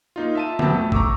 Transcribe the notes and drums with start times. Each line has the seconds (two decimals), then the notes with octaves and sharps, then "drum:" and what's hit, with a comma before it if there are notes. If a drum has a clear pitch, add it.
0.16 A#3 D#4 F4
0.35 E5 A5 D#7
0.59 F2 F#3 B3 G4 A5 E6, drum: tom
0.74 A3
0.92 A#5 C#6 D6 E6, drum: kick G#1